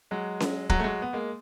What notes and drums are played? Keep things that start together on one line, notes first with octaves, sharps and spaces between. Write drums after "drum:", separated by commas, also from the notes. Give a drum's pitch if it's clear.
F#3 G#3
drum: snare C#4
F#3 G#3, drum: kick
A3
F#3 G#3
B3
G#3 A#3